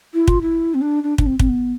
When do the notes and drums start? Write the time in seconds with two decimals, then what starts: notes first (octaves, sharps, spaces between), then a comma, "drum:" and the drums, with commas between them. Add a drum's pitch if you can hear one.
0.14 E4
0.28 F4, drum: kick
0.41 E4
0.74 C4
0.81 D4
1.03 D4
1.18 D4, drum: kick
1.26 C4
1.39 C4, drum: kick
1.49 B3